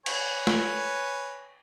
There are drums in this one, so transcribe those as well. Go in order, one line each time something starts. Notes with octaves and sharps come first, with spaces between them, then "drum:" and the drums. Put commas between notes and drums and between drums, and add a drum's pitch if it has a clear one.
B4 C#5 G#5, drum: cymbal
drum: snare